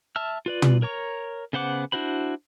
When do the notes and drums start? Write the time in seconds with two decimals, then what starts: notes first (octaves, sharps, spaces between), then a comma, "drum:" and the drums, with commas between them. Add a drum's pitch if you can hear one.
0.16 E5 A5 E6 F6
0.46 F4 B4 D5
0.62 drum: tom
0.82 A#4 C#5 A#5 C#6
1.53 C#3 B3 C5 F#5 D6
1.92 D4 E4 F#4 C5 B5